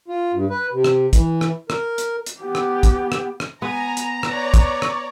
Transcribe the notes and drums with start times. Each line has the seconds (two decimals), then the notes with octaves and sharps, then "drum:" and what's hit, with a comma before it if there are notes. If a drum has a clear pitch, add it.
0.08 F4
0.33 G2
0.50 B4
0.73 C3
0.84 drum: rim click
1.13 E3, drum: kick, hi-hat
1.41 drum: rim click
1.70 A#4, drum: rim click
1.98 drum: hi-hat
2.26 drum: hi-hat
2.41 B3 G4
2.55 drum: rim click
2.83 drum: kick, hi-hat
3.12 drum: rim click
3.40 drum: rim click
3.62 B3 G#5 A#5
3.97 drum: hi-hat
4.23 B4 C#5 D5, drum: rim click
4.54 drum: kick, hi-hat
4.82 drum: rim click